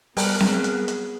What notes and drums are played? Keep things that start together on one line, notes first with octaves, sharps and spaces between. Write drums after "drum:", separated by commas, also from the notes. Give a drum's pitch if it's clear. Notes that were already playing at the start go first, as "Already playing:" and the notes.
F#3 G3 B3 G#4 A#4 B4, drum: open hi-hat
drum: snare C4
drum: hi-hat
drum: hi-hat